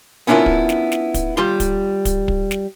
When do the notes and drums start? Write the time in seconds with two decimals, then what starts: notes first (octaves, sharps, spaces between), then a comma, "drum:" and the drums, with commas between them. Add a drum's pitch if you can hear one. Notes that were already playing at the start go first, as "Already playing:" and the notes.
0.27 B3 C#4 D4 E4 F4 A#4
0.46 drum: kick
0.69 drum: snare
0.92 drum: snare
1.14 drum: kick, hi-hat
1.37 G3 F4 C6
1.60 drum: kick, hi-hat
2.05 drum: kick, hi-hat
2.28 drum: kick
2.51 drum: snare